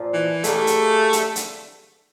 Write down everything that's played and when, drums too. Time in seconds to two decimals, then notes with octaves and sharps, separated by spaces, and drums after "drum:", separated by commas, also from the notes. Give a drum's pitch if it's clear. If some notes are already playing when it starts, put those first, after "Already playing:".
Already playing: A#2 F3
0.14 E3
0.44 G3 A3 A#3 D#4 G#4, drum: hi-hat
0.67 drum: hi-hat
1.13 drum: hi-hat
1.36 drum: hi-hat